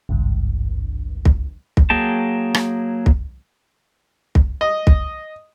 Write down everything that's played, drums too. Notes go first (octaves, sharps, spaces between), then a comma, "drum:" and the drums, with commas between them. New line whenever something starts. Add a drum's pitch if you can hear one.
G#1 C#2 G2
drum: kick
drum: kick
F#3 A#3 G#4 G5 A5
drum: rim click
drum: kick
drum: kick
D#5
drum: kick